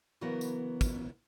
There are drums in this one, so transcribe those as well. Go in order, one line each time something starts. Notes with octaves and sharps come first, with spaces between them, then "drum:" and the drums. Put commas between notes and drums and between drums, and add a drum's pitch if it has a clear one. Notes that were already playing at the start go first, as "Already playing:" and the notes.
C#3 E3 F#3 B3 A#4 F#5
drum: tambourine
drum: kick, tambourine